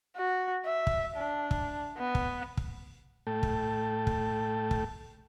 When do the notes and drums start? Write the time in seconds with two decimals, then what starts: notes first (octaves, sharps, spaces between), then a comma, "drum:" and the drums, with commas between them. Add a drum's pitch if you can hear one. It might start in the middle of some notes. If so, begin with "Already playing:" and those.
0.17 F#4
0.65 E5
0.87 drum: kick
1.16 D4
1.51 drum: kick
1.98 B3
2.15 drum: kick
2.57 drum: kick
3.27 A2 A3 A4 G5 A5
3.43 drum: kick
4.07 drum: kick
4.71 drum: kick